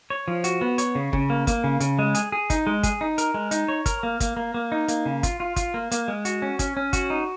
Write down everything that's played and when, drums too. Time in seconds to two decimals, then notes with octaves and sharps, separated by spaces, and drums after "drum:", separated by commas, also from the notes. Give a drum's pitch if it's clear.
0.10 C#5
0.28 F3
0.44 F#4, drum: hi-hat
0.61 B3
0.78 C#5, drum: hi-hat
0.95 C#3
1.13 C#3, drum: kick
1.30 A#3
1.47 A#3, drum: kick, hi-hat
1.64 C#3
1.80 C#3, drum: hi-hat
1.99 G#3
2.15 G#4, drum: hi-hat
2.32 G#4
2.50 D#4, drum: kick, hi-hat
2.67 G#3
2.83 G#4, drum: kick, hi-hat
3.01 D#4
3.18 A#4, drum: hi-hat
3.34 G#3
3.51 D#4, drum: hi-hat
3.68 C#5
3.86 A#4, drum: kick, hi-hat
4.03 A#3
4.20 A#3, drum: kick, hi-hat
4.37 A#3
4.54 A#3
4.72 D#4
4.88 A#3, drum: hi-hat
5.06 C#3
5.23 F4, drum: kick, hi-hat
5.40 F4
5.56 F4, drum: kick, hi-hat
5.74 A#3
5.92 A#3, drum: hi-hat
6.08 G#3
6.25 F#4, drum: hi-hat
6.42 C#4
6.59 C#4, drum: kick, hi-hat
6.77 C#4
6.93 F#4, drum: kick, hi-hat
7.10 D#4